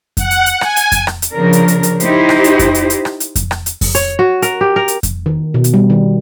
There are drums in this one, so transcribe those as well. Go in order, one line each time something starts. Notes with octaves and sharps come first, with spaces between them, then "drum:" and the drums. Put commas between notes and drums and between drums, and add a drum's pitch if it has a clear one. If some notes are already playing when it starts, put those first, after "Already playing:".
F#5, drum: kick F2, hi-hat
drum: hi-hat
drum: hi-hat
G#5, drum: rim click
drum: hi-hat
drum: kick F2, hi-hat
drum: rim click
drum: hi-hat
C#3 F3 D4 A#4
drum: hi-hat
drum: hi-hat
drum: hi-hat
D#4 E4 G4 C5, drum: hi-hat
drum: rim click
drum: hi-hat
drum: kick F2, hi-hat
drum: hi-hat
drum: hi-hat
drum: rim click
drum: hi-hat
drum: kick F2, hi-hat
drum: rim click
drum: hi-hat
drum: kick F2, open hi-hat
C#5, drum: hi-hat
F#4
A#4, drum: hi-hat
G4
A#4
drum: hi-hat
drum: kick F2, hi-hat
D#3
B2
drum: hi-hat
G3
D#3